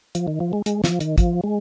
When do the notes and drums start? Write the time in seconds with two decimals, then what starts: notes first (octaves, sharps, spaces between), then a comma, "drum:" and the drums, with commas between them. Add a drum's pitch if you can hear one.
0.15 F3, drum: hi-hat
0.28 D#3
0.40 F3
0.53 G#3
0.66 G#3, drum: hi-hat
0.84 F3, drum: snare
1.00 D#3, drum: hi-hat
1.18 F3, drum: kick, hi-hat
1.44 G#3